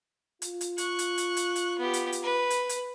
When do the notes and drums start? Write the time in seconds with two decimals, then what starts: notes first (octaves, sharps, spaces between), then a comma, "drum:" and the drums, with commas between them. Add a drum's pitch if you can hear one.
0.42 F4, drum: hi-hat
0.61 drum: hi-hat
0.78 C#6 F#6, drum: hi-hat
0.99 drum: hi-hat
1.18 drum: hi-hat
1.37 drum: hi-hat
1.56 drum: hi-hat
1.79 B3 G4
1.93 drum: hi-hat
2.12 drum: hi-hat
2.23 B4
2.50 drum: hi-hat
2.69 drum: hi-hat